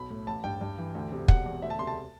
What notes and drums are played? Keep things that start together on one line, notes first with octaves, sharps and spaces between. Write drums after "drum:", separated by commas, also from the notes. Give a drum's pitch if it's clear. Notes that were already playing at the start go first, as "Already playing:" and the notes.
Already playing: B1 B5
A2
A1 A5
G2 G5
G2
E3
D2
C3
E1 F#5, drum: kick
E2
D2 E5
A5
C3 C6
A5